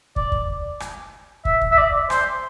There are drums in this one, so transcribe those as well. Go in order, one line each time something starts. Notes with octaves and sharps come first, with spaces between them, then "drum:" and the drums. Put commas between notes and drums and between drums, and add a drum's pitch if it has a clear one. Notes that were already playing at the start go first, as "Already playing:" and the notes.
D5, drum: kick
drum: kick
drum: rim click
E5, drum: kick
drum: kick
E5
D5
C5, drum: rim click